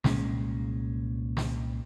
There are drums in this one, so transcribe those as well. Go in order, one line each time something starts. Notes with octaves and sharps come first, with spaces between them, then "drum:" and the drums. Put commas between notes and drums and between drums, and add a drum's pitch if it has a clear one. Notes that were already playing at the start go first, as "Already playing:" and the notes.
C2 A#2 G#3 C#4, drum: snare
drum: snare